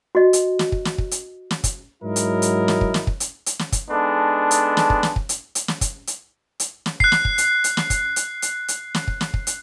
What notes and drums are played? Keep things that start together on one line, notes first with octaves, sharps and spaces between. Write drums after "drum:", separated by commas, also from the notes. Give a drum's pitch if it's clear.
F#4 D#5
drum: hi-hat
drum: snare
drum: kick
drum: snare
drum: kick
drum: hi-hat
drum: snare
drum: kick, hi-hat
G#2 F#3 E4 A#4 D#5
drum: hi-hat
drum: hi-hat
drum: snare
drum: kick
drum: snare
drum: kick
drum: hi-hat
drum: hi-hat
drum: snare
drum: kick, hi-hat
G#3 B3 D4 D#4 A4
drum: hi-hat
drum: snare
drum: kick
drum: snare
drum: kick
drum: hi-hat
drum: hi-hat
drum: snare
drum: kick, hi-hat
drum: hi-hat
drum: hi-hat
drum: snare
F#6 C7, drum: kick
drum: snare
drum: kick
drum: hi-hat
drum: hi-hat
drum: snare
drum: kick, hi-hat
drum: hi-hat
drum: hi-hat
drum: hi-hat
drum: snare
drum: kick
drum: snare
drum: kick
drum: hi-hat